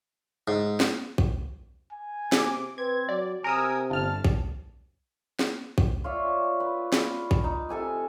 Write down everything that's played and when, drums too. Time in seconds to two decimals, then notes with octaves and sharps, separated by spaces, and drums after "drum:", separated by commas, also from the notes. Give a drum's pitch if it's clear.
0.48 G#2
0.80 drum: snare
1.18 drum: kick A#1
1.93 G#5
2.32 C3 D6, drum: snare
2.78 C4 B4 G#6
3.09 F#3 D5
3.44 C3 A#4 G#5 D#6 E6
3.90 G1 A5 F6
4.25 drum: kick A#1
5.39 drum: snare
5.78 drum: kick A#1
6.04 F4 C#5 D5 E5
6.60 B4
6.93 drum: snare
7.31 drum: kick A#1
7.44 D#4
7.69 C3 A4 G#5 D6